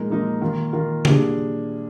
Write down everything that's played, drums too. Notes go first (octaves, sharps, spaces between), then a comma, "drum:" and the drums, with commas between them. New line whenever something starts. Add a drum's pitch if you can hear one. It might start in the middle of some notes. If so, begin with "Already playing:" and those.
Already playing: A#2 F3 G#3 D#4 A#4
A#2 F3 G#3 D#4 A#4
D#3 A#3 F4 A#4
D#3 A#3 F4 A#4
A#2 G3 D4 G#4, drum: tom C#3